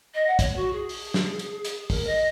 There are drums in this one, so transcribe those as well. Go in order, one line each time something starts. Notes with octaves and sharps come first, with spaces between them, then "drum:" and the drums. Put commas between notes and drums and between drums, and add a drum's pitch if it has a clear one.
D#5
F#5
C#5, drum: kick, hi-hat
F#4
G#4
drum: open hi-hat
drum: snare
drum: hi-hat
drum: hi-hat
A#4, drum: kick, open hi-hat
D#5